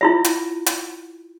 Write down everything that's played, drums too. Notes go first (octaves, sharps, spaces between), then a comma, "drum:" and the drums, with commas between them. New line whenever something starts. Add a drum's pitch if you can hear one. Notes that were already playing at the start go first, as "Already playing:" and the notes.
E4 F4 E5
drum: hi-hat
drum: hi-hat